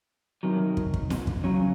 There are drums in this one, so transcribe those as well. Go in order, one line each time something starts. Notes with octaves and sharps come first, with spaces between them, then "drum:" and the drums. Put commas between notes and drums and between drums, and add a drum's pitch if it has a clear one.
C3 D#3 F#3
drum: kick
drum: kick
drum: snare
drum: kick
C#3 F#3 C#4